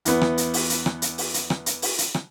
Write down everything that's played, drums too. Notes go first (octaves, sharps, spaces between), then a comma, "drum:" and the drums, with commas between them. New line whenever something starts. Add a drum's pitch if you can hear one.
E2 B3, drum: hi-hat
drum: rim click
drum: hi-hat
drum: open hi-hat
drum: hi-hat
drum: rim click
drum: hi-hat
drum: open hi-hat
drum: hi-hat
drum: rim click
drum: hi-hat
drum: open hi-hat
drum: hi-hat
drum: rim click